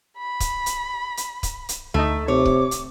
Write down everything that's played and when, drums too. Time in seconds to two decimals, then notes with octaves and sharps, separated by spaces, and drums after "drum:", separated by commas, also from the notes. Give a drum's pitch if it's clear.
0.18 B5
0.40 drum: kick C#1, hi-hat
0.66 drum: hi-hat
1.17 drum: hi-hat
1.43 drum: kick C#1, hi-hat
1.69 drum: hi-hat
1.94 D2 A3 D#4
2.28 C3 C#5 D6
2.46 drum: kick C#1
2.71 drum: hi-hat